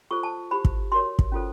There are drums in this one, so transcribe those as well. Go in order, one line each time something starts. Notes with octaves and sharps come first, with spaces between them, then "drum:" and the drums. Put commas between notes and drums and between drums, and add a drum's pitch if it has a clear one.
F4 A4 C5 C#6
A5
E4 G4 C5 B5
drum: kick
F#4 A#4 C#5 C6
drum: kick
C#4 F4 A4 C5